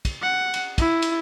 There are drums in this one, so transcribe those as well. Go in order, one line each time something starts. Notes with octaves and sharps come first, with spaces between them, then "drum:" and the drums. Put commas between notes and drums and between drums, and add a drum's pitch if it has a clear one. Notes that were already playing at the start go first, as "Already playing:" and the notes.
drum: kick, cymbal
F#5
drum: cymbal
E4, drum: kick, cymbal
drum: cymbal